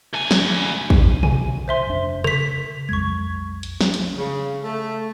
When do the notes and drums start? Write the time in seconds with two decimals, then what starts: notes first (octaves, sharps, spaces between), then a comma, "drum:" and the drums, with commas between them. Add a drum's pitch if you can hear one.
0.13 D2 G#5
0.31 drum: snare
0.90 drum: kick
1.23 G#5, drum: tom
1.68 C5 E5 C6
1.87 F1 D4
2.24 C#3 B6 F7, drum: rim click
2.89 B1 F2 G#3 C#6 G#6
3.63 drum: hi-hat
3.81 drum: snare
3.94 drum: hi-hat
4.16 C#3
4.64 A3